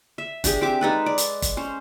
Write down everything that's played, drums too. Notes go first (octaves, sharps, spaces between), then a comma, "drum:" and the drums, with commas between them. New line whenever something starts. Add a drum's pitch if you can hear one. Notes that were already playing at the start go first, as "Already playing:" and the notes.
E5
D4 G4 G#4, drum: kick, hi-hat
C4 G4 E5 D6
G#3 D#4 A4 B4
D5
drum: hi-hat
drum: kick, hi-hat
C#4 C5